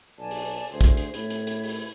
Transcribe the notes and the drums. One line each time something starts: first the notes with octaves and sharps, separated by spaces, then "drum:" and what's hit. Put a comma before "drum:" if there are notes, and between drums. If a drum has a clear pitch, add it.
B1 D5 G#5 A5
drum: open hi-hat
D2 G#4 C5
drum: kick, hi-hat
drum: hi-hat
A2 B5 G#6, drum: hi-hat
drum: hi-hat
drum: hi-hat
drum: open hi-hat